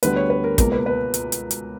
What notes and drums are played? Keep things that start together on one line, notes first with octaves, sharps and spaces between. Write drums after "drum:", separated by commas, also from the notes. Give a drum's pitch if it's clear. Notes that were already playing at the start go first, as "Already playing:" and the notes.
D2 D3 G3 B3 B4, drum: hi-hat
C#5
B4
A#4
C#2 B2 A#3 A#4, drum: kick, hi-hat
B4
B4
drum: hi-hat
drum: hi-hat
drum: hi-hat